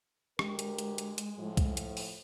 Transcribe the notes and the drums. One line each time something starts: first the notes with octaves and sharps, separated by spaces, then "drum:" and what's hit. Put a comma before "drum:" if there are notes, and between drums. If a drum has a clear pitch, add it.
D2 G#3 G4 A#4, drum: rim click
drum: hi-hat
drum: hi-hat
drum: hi-hat
drum: hi-hat
A2 F3
drum: kick C2, hi-hat
drum: hi-hat
drum: open hi-hat